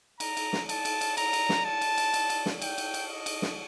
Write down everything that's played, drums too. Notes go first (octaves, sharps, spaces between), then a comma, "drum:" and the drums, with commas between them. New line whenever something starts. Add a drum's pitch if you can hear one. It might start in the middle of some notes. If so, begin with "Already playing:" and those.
A#5, drum: cymbal
drum: cymbal
drum: snare
A5, drum: cymbal
drum: cymbal
drum: cymbal
A#5, drum: cymbal
drum: cymbal
drum: snare
A5
drum: cymbal
drum: cymbal
drum: cymbal
drum: cymbal
drum: snare
G5, drum: cymbal
drum: cymbal
drum: cymbal
D#5
drum: cymbal
drum: snare